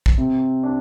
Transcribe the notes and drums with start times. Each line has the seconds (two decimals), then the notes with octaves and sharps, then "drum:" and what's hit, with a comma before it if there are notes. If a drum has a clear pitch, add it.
0.06 drum: kick
0.18 C3
0.63 D4